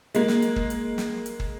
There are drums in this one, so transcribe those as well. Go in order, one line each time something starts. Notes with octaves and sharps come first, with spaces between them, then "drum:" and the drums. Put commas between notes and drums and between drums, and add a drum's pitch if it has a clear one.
G#3 A#3, drum: hi-hat
drum: snare
drum: hi-hat
drum: kick
drum: hi-hat
drum: snare
drum: hi-hat
drum: kick